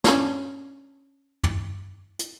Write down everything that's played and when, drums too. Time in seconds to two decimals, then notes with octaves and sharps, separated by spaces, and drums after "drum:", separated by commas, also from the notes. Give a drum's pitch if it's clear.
0.04 C#4 D4, drum: snare
1.43 drum: tom
2.19 drum: hi-hat